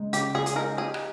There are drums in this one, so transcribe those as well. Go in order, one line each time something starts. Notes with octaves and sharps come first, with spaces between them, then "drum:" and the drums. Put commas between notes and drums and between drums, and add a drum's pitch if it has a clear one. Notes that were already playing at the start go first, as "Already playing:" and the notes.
Already playing: C#3 G#3 D#4
C#3 G4, drum: hi-hat
C#3 G#4
G#4, drum: hi-hat
D#4 A#4
G4 G#4
drum: rim click